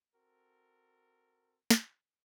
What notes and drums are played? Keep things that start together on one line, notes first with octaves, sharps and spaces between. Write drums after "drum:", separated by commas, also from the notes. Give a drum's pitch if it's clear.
C4 F#4 A4 A#4
drum: snare